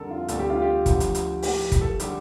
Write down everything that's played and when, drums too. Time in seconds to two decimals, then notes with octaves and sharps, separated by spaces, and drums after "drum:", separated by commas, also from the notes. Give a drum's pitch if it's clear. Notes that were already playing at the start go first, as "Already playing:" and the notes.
Already playing: F2 D3 G3 A4 A#4
0.11 F4
0.28 D2 C3 G3 A4, drum: hi-hat
0.39 G4
0.50 F4
0.62 G4
0.86 D2 D3 F3, drum: kick, hi-hat
1.00 drum: hi-hat
1.15 drum: hi-hat
1.43 A2 F3 G4, drum: open hi-hat
1.72 drum: kick, hi-hat
1.81 A4
2.00 D3 G3 G4, drum: hi-hat